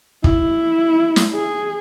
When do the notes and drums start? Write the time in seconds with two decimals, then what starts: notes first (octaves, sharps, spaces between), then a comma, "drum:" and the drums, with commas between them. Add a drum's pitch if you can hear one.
0.24 E4, drum: kick
1.16 drum: snare
1.35 G#4